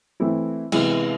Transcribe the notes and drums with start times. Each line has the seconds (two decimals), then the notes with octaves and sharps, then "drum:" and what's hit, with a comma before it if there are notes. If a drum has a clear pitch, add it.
0.20 E3 A3 C4 E4
0.72 C3 E3 G#3 B3 E4, drum: cymbal